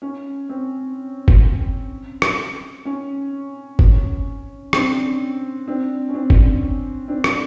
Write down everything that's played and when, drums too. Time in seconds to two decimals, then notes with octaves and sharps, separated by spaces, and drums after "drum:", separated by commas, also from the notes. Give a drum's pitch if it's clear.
0.02 C#4
0.49 C4
1.28 drum: kick F#1
2.22 drum: rim click
2.85 C#4
3.79 drum: kick F#1
4.73 C4 D4, drum: rim click
5.68 C4 D4
6.08 C#4
6.14 C4 D4
6.30 drum: kick F#1
7.08 C4 D4
7.24 drum: rim click